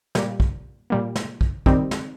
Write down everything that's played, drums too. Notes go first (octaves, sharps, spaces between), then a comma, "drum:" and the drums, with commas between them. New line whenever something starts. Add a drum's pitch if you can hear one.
A#2 G3 A#3, drum: snare
drum: kick
A#2 G3 A#3
drum: snare
drum: kick
D#3 G3 C4 D#4, drum: kick
drum: snare